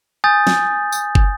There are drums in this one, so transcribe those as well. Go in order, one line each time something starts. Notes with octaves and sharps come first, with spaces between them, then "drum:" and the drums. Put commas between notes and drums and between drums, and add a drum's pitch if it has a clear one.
G#5 D#6 G6 A6
drum: snare
drum: tambourine
drum: kick